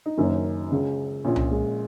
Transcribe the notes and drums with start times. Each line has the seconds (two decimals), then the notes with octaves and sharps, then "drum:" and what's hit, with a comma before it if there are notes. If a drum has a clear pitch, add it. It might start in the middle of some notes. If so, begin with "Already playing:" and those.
0.06 D#4
0.17 F#1 F#2 D#3 C#4
0.72 C#2 C#3
1.24 A#1 A#2 C#4
1.36 drum: tom C2
1.51 G#3